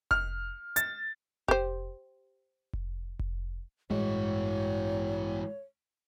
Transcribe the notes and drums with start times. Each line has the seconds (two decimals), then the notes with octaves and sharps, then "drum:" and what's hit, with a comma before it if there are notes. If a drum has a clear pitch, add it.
0.11 F6, drum: kick F1
0.76 A6, drum: hi-hat
1.48 G4 C5, drum: kick F1
2.73 drum: kick F1
3.19 drum: kick F1
3.91 A1 G2 E3 G#3 F#4 C#5